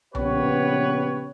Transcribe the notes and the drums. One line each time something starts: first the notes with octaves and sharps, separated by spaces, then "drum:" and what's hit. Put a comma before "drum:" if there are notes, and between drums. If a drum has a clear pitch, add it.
A#1 C#3 B3 G4 B4 C#5, drum: tom B1